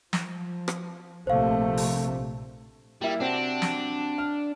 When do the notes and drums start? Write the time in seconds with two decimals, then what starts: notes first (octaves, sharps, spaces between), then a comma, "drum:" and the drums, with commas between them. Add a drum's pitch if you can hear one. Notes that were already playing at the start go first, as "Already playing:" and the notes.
0.13 F3, drum: snare
0.68 drum: rim click
1.27 A#1 C3 A3 C5 F5
1.77 drum: open hi-hat
3.02 G3 A#3 E4
3.20 C3 C4 D4 F#4
3.62 drum: snare
4.18 F6